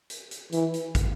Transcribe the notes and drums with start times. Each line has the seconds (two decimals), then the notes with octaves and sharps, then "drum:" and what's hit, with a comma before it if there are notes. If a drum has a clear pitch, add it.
0.10 drum: hi-hat
0.31 drum: hi-hat
0.52 E3, drum: hi-hat
0.74 drum: hi-hat
0.95 drum: kick, hi-hat